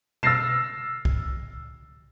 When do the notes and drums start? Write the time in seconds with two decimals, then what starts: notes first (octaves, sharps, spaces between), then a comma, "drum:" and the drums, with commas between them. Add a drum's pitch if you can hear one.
0.23 E6 F6 A6 A#6 C7 E7, drum: tom B2
1.05 drum: kick